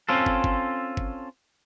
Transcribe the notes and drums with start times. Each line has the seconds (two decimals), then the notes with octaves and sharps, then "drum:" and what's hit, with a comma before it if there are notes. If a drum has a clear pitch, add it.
0.09 C4 C#4 F4 A4
0.26 drum: kick
0.44 drum: kick
0.97 drum: kick